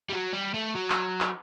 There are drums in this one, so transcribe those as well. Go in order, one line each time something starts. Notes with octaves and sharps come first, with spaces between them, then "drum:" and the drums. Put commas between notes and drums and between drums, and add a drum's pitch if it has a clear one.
G3
F#3
G3
A3
F#3
drum: clap
drum: clap